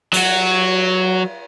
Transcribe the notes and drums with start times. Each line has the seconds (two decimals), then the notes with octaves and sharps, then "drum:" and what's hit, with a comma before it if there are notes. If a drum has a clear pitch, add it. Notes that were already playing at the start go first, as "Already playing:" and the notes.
0.13 F#3 F#4, drum: cymbal